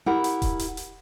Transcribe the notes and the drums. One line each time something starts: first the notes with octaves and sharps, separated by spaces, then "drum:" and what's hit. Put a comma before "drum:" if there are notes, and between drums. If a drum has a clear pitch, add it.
E4 G4 A#4 F#5
drum: hi-hat
drum: kick D#1, hi-hat
drum: hi-hat
drum: hi-hat